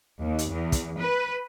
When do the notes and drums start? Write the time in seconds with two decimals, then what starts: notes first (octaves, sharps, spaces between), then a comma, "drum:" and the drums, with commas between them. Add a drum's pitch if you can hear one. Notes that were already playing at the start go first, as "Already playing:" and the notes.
0.22 D#2
0.39 drum: hi-hat
0.52 E2
0.72 drum: kick, hi-hat
0.99 B4